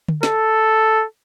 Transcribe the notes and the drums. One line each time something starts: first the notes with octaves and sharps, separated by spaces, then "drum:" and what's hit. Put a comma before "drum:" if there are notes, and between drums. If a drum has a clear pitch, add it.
drum: tom D3
A4, drum: snare